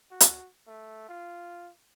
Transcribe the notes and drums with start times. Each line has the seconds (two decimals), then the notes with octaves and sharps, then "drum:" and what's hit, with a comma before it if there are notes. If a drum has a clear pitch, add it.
0.11 F#4
0.21 drum: hi-hat
0.67 A3
1.09 F4